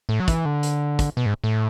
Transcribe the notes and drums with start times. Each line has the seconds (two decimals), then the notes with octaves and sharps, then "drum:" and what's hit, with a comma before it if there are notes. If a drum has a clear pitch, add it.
0.09 A2
0.20 F#3
0.28 E3, drum: kick, hi-hat
0.45 D3
0.63 drum: hi-hat
0.99 drum: kick, hi-hat
1.17 B2
1.26 G#2
1.44 A2